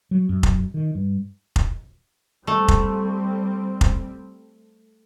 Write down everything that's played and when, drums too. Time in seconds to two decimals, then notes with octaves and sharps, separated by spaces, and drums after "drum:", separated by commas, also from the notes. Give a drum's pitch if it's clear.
0.11 F#3
0.29 F#2
0.43 drum: kick F1
0.74 D#3
0.95 G2
1.56 drum: kick F1
2.47 G3 A3 C4
2.68 drum: kick F1
3.81 drum: kick F1